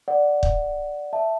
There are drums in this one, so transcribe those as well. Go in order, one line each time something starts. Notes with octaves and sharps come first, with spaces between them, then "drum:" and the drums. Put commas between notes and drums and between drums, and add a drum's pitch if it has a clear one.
D5 F#5
drum: kick
E5 A5